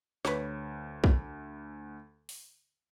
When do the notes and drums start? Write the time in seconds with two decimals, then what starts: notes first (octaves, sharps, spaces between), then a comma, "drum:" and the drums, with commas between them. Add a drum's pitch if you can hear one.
0.25 D2 B4 C#5, drum: snare
1.04 drum: kick
2.29 drum: open hi-hat